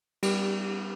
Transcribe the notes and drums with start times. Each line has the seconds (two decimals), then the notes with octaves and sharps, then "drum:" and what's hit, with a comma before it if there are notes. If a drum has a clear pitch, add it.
0.23 G3, drum: cymbal